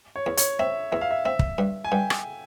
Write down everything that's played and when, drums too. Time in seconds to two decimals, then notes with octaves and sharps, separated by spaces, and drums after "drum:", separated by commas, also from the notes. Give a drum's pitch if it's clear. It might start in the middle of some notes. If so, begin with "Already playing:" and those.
0.16 C#5
0.26 E2
0.37 C#5, drum: hi-hat
0.59 C4 E5
0.92 E2 E5
1.01 F5
1.11 E5
1.25 C4 E5
1.39 drum: kick
1.58 G2
1.85 G#5
1.92 G2 G5
2.10 drum: rim click